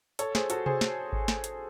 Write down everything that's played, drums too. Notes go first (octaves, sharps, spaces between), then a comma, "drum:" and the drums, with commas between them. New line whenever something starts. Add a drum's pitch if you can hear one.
A4 C#5, drum: hi-hat
G#4 C5, drum: snare
F#4 A4, drum: hi-hat
G#4 C5, drum: tom C3
drum: snare
drum: kick G#1
drum: snare
drum: hi-hat